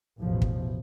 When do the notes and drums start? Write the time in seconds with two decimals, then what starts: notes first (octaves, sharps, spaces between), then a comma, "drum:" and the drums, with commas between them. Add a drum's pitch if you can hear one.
0.21 A1 E2 B2 E3 F3
0.42 drum: kick